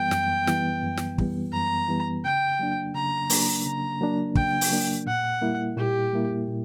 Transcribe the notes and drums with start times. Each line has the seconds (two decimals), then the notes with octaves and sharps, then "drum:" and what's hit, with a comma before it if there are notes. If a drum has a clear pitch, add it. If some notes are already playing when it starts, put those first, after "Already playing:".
Already playing: F#2 E3 G3 B3 G5
0.11 F#2, drum: snare
0.47 E3 G3 B3, drum: snare
0.83 F#2
0.97 drum: snare
1.18 E3 G3 B3, drum: kick
1.53 F#2 A#5
1.88 E3 G3 B3
2.24 C#3 G5
2.59 F#3 A#3 D4
2.94 C#3 A#5
3.30 F#3 A#3 D4, drum: open hi-hat
3.65 C#3 A#5
4.01 F#3 A#3 D4
4.35 C#3 G5, drum: kick
4.61 drum: open hi-hat
4.71 F#3 A#3 D4
5.06 A#2 F#5
5.41 G3 A#3 E4
5.77 A#2 G4
6.13 G3 A#3 E4
6.48 A#2